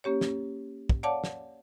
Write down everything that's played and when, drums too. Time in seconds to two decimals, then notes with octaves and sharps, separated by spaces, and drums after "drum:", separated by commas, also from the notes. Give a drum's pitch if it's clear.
0.04 A#3 C#4 G4 C#5
0.21 drum: snare
0.89 drum: kick
1.03 C#5 D5 F5 F#5 A5 D6
1.24 drum: snare